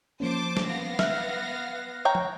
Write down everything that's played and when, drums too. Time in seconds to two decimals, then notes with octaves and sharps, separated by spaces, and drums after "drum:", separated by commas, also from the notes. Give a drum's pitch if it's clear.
0.20 F3 A#3 C#4 C5 A5 D6
0.57 drum: snare
0.68 B3 F5 A#6
0.99 E5 F6 F#6, drum: snare
2.05 C#5 G5 A#5
2.15 drum: tom